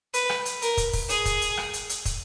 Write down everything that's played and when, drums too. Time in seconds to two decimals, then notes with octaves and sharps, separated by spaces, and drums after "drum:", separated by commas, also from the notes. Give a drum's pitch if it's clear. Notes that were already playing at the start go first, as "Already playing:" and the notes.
0.14 B4, drum: hi-hat
0.29 drum: rim click
0.45 drum: hi-hat
0.62 A#4, drum: hi-hat
0.77 drum: kick, hi-hat
0.93 drum: kick, open hi-hat
1.09 G#4, drum: hi-hat
1.25 drum: kick, hi-hat
1.41 drum: hi-hat
1.57 drum: rim click
1.73 drum: hi-hat
1.89 drum: hi-hat
2.05 drum: kick, hi-hat